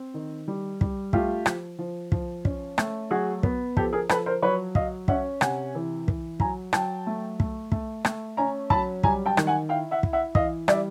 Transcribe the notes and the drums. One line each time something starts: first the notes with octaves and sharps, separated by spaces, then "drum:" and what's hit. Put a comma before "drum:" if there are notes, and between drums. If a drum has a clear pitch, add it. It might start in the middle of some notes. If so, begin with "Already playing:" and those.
Already playing: C4
D#3
G3
G3, drum: kick
A3 F4 G4, drum: kick
F3, drum: rim click
F3
F3, drum: kick
C#4, drum: kick
A3, drum: rim click
F#3 F#4 G#4
B3, drum: kick
F3 G4 A4, drum: kick
G#4 A#4
F3 A4 B4, drum: rim click
A#4 C5
F#3 B4 C#5
F#3 D#5 F5, drum: kick
C#4 E5 F#5, drum: kick
C3 F#5 G#5, drum: rim click
E3
E3, drum: kick
F#3 G#5 A#5, drum: kick
F#3 G5 A5, drum: rim click
A3
A3, drum: kick
A3, drum: kick
A3, drum: rim click
C#4 G#5 A#5
F#3 A5 B5, drum: kick
G3 G#5 A#5, drum: kick
G5 A5
D#3, drum: rim click
F#5 G#5
E4 F5 G5
E5 F#5
E4, drum: kick
E5 F#5
E3 D#5 F5, drum: kick
G3 D5 E5, drum: rim click